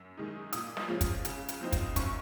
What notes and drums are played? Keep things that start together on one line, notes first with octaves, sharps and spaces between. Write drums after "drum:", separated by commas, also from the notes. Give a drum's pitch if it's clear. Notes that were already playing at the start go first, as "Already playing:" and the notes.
Already playing: F#2
D#3 G#3 D#4
A#2 D#6, drum: hi-hat
drum: snare
F3 G#3 C#4 F4
drum: kick, hi-hat
C#3, drum: hi-hat
drum: hi-hat
F3 C4 D#4
drum: kick, hi-hat
F#2 C#6, drum: kick, hi-hat